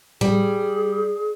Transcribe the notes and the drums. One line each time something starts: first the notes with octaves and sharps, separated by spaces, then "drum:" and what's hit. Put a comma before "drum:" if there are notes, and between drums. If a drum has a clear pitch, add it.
G3 G#4, drum: tom A2